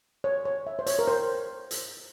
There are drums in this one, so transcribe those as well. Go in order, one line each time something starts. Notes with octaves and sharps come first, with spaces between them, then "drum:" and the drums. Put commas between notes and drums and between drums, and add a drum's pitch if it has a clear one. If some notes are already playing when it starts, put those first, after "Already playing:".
C#5
C#5
E5
C5
C#5, drum: hi-hat
A#4
C5
drum: hi-hat